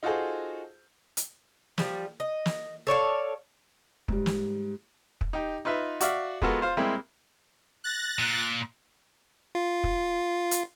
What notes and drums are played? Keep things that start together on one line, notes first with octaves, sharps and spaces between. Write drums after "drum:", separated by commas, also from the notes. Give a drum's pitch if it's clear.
D#4 F4 F#4 G#4 A4 C5
drum: hi-hat
F3 G3, drum: snare
D#5
drum: snare
A4 C#5 D5 F5
G#2 G3, drum: kick
drum: snare
drum: kick
D#4 G4 G5
D#4 F4 B4 E5
F#4 D5 E5 F5, drum: hi-hat
G#3 B3 F4 F#4 A4 A#4, drum: kick
F4 C5 F5
G3 G#3 A#3 C4 E4 G4
F#6 A6 A#6
A#2
F4
drum: kick
drum: hi-hat